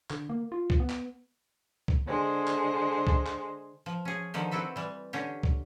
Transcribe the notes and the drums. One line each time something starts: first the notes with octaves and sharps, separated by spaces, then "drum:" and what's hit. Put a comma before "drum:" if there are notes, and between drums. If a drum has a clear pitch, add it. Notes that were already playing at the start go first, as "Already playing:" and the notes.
D3, drum: clap
A#3
F4
drum: kick
B3
drum: clap
drum: kick
D3 G#3 C5
drum: clap
drum: kick
drum: clap
F3
C#4 G#4
D3 D#3 F3 G4
C4 E4 F#4 A4 B4
E3 G3
D3 C#4 G4
drum: kick